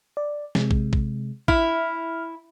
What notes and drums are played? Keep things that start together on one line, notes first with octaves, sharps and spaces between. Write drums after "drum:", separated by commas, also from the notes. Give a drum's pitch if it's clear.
D5
C3 G#3, drum: snare
drum: kick
drum: kick
E4 F6, drum: kick